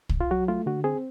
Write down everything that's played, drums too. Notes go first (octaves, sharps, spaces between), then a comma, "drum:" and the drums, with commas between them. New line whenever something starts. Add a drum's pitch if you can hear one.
drum: kick
F4
F#3 F#4
A3 F4
D3 F#4
C4 G#4